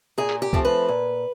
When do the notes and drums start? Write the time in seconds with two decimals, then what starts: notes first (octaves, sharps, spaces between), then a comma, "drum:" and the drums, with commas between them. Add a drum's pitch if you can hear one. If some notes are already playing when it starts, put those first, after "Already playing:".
0.18 A#2 G#4
0.29 drum: clap
0.42 G4
0.53 F3 A3 C4, drum: kick C2
0.65 B4
0.89 A#2